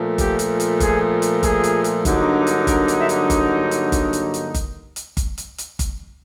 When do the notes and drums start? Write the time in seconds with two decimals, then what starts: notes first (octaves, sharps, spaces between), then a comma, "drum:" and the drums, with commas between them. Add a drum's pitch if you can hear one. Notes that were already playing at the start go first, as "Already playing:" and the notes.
Already playing: A#2 F3 A3
0.18 G4, drum: kick G1, hi-hat
0.39 drum: hi-hat
0.60 drum: hi-hat
0.80 G#4, drum: kick G1, hi-hat
1.22 drum: hi-hat
1.43 G#4, drum: kick G1, hi-hat
1.64 drum: hi-hat
1.84 drum: hi-hat
2.05 G2 D3 F#3 A#3 D#4, drum: kick G1, hi-hat
2.47 drum: hi-hat
2.67 A#4, drum: kick G1, hi-hat
2.88 drum: hi-hat
2.98 E5
3.09 drum: hi-hat
3.30 drum: kick G1, hi-hat
3.71 drum: hi-hat
3.92 drum: kick G1, hi-hat
4.13 drum: hi-hat
4.34 drum: hi-hat
4.54 drum: kick G1, hi-hat
4.96 drum: hi-hat
5.17 drum: kick G1, hi-hat
5.38 drum: hi-hat
5.58 drum: hi-hat
5.79 drum: kick G1, hi-hat